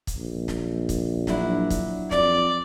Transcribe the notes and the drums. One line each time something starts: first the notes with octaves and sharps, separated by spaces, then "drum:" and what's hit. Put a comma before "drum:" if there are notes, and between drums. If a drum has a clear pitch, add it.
drum: kick, hi-hat
A#1
drum: snare
drum: kick, hi-hat
F#3 D4 E4, drum: snare
drum: kick, hi-hat
F2 D5, drum: snare